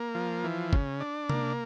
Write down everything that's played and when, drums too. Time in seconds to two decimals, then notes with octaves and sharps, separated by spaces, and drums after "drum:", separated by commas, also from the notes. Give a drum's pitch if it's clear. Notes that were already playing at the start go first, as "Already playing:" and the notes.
Already playing: A#3
0.15 F3
0.44 E3
0.73 C#3, drum: kick
1.00 D4
1.29 A#3, drum: tom C3